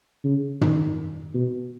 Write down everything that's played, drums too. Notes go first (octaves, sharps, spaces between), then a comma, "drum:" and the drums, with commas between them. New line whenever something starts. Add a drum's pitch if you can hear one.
C#3
D#3, drum: tom
B2